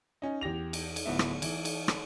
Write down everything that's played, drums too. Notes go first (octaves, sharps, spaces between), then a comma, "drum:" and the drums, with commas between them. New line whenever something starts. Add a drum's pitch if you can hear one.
C#4 D#4
E2 G4 A#6 F7
drum: cymbal
drum: cymbal
D1 B3 E5
drum: rim click
E3, drum: cymbal
drum: cymbal
drum: rim click